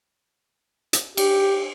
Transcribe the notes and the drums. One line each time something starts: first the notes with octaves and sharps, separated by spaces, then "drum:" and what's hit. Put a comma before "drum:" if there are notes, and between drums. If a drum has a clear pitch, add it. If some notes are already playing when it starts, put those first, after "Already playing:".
drum: hi-hat
G4, drum: cymbal